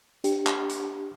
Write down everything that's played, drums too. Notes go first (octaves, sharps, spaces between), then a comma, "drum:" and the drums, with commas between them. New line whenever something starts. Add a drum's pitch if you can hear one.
D4 G4, drum: hi-hat
drum: clap
drum: hi-hat